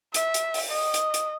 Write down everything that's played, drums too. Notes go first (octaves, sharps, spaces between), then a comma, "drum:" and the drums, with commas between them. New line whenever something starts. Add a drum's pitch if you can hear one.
E5, drum: hi-hat
drum: hi-hat
drum: open hi-hat
D#5
drum: hi-hat
drum: hi-hat